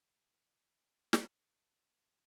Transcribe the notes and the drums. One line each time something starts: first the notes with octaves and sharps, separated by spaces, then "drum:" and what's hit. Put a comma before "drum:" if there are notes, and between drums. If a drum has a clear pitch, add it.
G6 D#7 F7
drum: snare